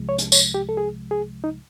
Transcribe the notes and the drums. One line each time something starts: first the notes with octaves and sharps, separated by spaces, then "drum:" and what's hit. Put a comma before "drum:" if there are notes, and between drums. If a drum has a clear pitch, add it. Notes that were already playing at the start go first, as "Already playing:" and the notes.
Already playing: C2 C3 F3 G#3
C#5
drum: hi-hat
C#5, drum: tambourine
G4
A4
G#4
G#4
D#4